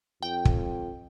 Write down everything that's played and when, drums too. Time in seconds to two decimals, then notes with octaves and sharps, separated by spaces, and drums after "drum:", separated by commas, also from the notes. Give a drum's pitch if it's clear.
0.23 F2 G5
0.45 drum: kick